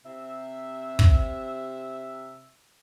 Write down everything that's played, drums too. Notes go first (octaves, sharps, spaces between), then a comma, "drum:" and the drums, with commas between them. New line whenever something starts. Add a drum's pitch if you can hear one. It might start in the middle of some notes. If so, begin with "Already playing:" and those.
C3 E5
drum: kick